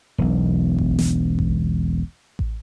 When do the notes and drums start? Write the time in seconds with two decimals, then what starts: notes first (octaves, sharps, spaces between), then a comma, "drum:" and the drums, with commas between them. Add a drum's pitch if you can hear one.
0.18 E1 B1
0.79 drum: kick A1
0.99 drum: snare
1.39 drum: kick A1
2.39 drum: kick A1